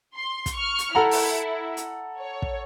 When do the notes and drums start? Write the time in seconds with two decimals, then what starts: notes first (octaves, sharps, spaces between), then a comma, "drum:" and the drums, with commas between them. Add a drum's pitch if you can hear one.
0.15 C6
0.46 drum: kick, hi-hat
0.55 C#6 F6
0.79 drum: hi-hat
0.95 E4 A4 F#5 A#5
1.11 drum: open hi-hat
1.77 drum: hi-hat
2.18 C#5
2.42 drum: kick